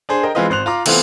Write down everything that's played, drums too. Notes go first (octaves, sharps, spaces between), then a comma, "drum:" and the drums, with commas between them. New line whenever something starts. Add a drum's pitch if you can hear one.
D4 G#4 C5
A#4 D#5 G5
E3 G#3 C4 F4 B4 D#5
G#1 C5 F#6 F7
F4 A#5 D6
E3 A3 B3 C4 F4, drum: cymbal